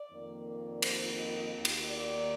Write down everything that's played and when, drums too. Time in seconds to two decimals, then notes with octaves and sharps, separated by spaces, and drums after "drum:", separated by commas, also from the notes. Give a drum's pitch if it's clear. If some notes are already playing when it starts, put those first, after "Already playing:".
Already playing: D5
0.12 F2 D#3 A#3
0.47 D5
0.82 C5, drum: cymbal
1.18 D#5
1.53 D#2 D#3 A#3
1.65 drum: cymbal
1.90 D5